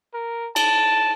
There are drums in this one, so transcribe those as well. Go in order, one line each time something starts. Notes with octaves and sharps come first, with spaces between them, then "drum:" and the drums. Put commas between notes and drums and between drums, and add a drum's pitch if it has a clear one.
A#4
A5, drum: cymbal